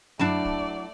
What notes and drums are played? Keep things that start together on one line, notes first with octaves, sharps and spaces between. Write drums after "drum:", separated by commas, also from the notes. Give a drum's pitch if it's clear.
F#3 A3 D4 E4 D5 A5, drum: tom F#2
drum: kick